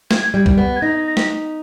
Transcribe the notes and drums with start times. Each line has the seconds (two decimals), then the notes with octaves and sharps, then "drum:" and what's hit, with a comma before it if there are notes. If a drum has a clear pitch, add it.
0.11 G#6, drum: snare
0.34 G3
0.46 drum: kick
0.58 B3
0.76 G#6
0.82 D#4 A#6
1.07 A#6
1.17 B6, drum: snare